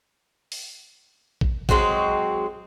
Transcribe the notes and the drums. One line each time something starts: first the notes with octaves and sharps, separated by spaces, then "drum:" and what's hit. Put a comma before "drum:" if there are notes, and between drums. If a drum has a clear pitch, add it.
drum: open hi-hat
drum: kick
F#3 G#3 C4 F#4, drum: kick